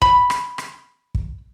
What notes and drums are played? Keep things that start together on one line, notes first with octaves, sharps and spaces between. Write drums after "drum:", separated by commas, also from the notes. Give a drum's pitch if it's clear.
B5, drum: kick
drum: rim click
drum: rim click
drum: kick